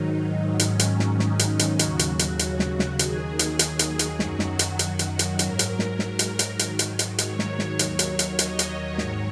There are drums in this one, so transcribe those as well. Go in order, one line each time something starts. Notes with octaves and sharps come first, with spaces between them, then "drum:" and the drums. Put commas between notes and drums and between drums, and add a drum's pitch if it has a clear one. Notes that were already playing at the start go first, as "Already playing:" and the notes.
Already playing: G#2 D#3 F#3 D#4
G#2 D#3 F#3 C#4, drum: hi-hat
drum: hi-hat
drum: snare
D#4, drum: snare
drum: hi-hat
drum: hi-hat
D#2 C#3 F#3 F#4, drum: hi-hat
drum: hi-hat
drum: hi-hat
drum: hi-hat
drum: snare
drum: snare
D#2 D#3 F#3 G#4, drum: hi-hat
drum: hi-hat
drum: hi-hat
drum: hi-hat
drum: hi-hat
F#2 D#3 F#3 F#4, drum: snare
drum: snare
drum: hi-hat
drum: hi-hat
drum: hi-hat
drum: hi-hat
G#2 F#3 A#4, drum: hi-hat
drum: hi-hat
drum: snare
drum: snare
drum: hi-hat
drum: hi-hat
G#2 D#3 F#3, drum: hi-hat
drum: hi-hat
drum: hi-hat
C#5, drum: hi-hat
drum: snare
drum: snare
D#2 D#3 F#3, drum: hi-hat
drum: hi-hat
drum: hi-hat
D#5, drum: hi-hat
drum: hi-hat
G#2 D#3 F#3 C#5, drum: snare